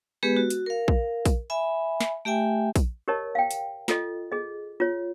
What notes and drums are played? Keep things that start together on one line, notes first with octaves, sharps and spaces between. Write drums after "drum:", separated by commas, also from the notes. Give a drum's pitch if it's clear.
G#3 B3 G4 G#4 B4
F#4
drum: hi-hat
A#4 F5
drum: kick
drum: kick, hi-hat
E5 G#5 B5
drum: snare
A3 G4 E5 G5 G#5
drum: kick, hi-hat
G4 A#4 C#5 D#5 A5
F5 G5
drum: hi-hat
F4 A4 D#5, drum: snare
G#4 D#5
F4 C#5